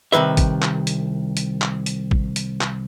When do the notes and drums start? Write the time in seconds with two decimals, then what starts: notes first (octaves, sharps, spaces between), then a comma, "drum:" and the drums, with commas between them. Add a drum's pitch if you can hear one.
0.12 C2 A#2 D#3 B4 E5
0.37 drum: kick A1, hi-hat
0.62 drum: clap
0.87 drum: hi-hat
1.37 drum: hi-hat
1.62 drum: clap
1.86 drum: hi-hat
2.11 drum: kick A1
2.36 drum: hi-hat
2.61 drum: clap